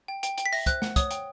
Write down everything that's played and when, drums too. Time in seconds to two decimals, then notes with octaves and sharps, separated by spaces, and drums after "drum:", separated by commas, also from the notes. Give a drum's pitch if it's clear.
0.08 G5
0.23 G5, drum: hi-hat
0.38 G5, drum: hi-hat
0.46 B6
0.53 E5 A#6, drum: open hi-hat
0.66 C5 F#6, drum: kick, hi-hat
0.82 F#5, drum: snare
0.96 C#5 D#6, drum: kick, hi-hat
1.11 G5, drum: hi-hat